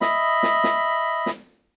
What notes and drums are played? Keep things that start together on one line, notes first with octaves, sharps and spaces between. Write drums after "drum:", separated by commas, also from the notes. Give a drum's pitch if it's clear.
D#5 E5 B5, drum: snare
drum: snare
drum: snare
drum: snare